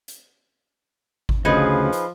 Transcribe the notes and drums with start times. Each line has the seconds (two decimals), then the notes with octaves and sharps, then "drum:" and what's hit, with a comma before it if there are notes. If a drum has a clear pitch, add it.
0.08 drum: hi-hat
1.29 drum: kick G#1
1.45 D2 A2 C#3 F3 D#4 G#4 B4
1.93 drum: hi-hat